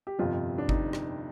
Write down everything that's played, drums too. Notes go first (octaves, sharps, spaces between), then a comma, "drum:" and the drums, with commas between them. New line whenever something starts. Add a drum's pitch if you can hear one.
G4
G1 F2 C3 F4
D4
D#4, drum: kick G1
drum: rim click